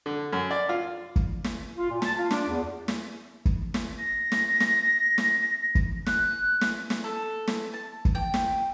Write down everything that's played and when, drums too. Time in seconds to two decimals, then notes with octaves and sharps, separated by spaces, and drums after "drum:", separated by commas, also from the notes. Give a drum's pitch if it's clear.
0.06 D3
0.33 F#2
0.51 D5
0.69 F4
1.16 drum: kick
1.44 drum: snare
1.77 F4
1.90 A#2
2.02 A5, drum: snare
2.17 F4
2.31 D4, drum: snare
2.47 E2
2.88 drum: snare
3.45 drum: kick
3.74 drum: snare
3.99 A#6
4.32 drum: snare
4.60 drum: snare
5.18 drum: snare
5.75 drum: kick
6.06 F#6, drum: snare
6.61 drum: snare
6.90 drum: snare
7.04 A4
7.48 drum: snare
7.74 A5
8.05 drum: kick
8.15 G5
8.34 drum: snare